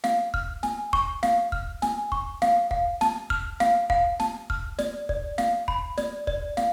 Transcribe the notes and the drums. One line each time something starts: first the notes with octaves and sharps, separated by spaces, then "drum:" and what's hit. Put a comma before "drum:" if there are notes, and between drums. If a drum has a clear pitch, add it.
F5, drum: snare
F6, drum: kick
G#5, drum: snare
C#6, drum: kick
F5, drum: snare
F6, drum: kick
G#5, drum: snare
C#6, drum: kick
F5, drum: snare
F5, drum: kick
A5, drum: snare
F6, drum: kick
F5, drum: snare
F5, drum: kick
A5, drum: snare
F6, drum: kick
D5, drum: snare
D5, drum: kick
F5, drum: snare
B5, drum: kick
D5, drum: snare
D5, drum: kick
F5, drum: snare